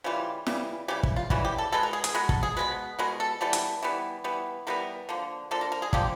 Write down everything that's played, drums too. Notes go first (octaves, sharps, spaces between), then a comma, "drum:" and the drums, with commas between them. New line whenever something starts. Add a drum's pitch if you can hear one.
C#3 E3 G3 F4
C#3 E3 G3, drum: snare
C#3 E3 G3 G4
drum: kick
F4
C#3 E3 G3 F#4, drum: kick
G4
A4
B2 G#3 B3 A4
A#4
G#4
G#4, drum: hi-hat
B2 G#3 B3 A#4
A4, drum: kick
G#4
B2 G#3 B3 B4
B2 G#3 B3 A#4
A4
E3 G3 B3 A4
drum: hi-hat
E3 G3 B3
E3 G3 B3
E3 G3 B3 A#4
D3 F3 A#3
D3 F3 A#3 A4
A#4
A#4
G#4
D3 F3 A#3 G4, drum: kick